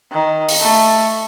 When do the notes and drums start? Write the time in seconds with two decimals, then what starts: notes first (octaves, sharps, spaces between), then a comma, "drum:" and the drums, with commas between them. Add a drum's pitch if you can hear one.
0.12 D#3
0.49 drum: open hi-hat
0.60 A3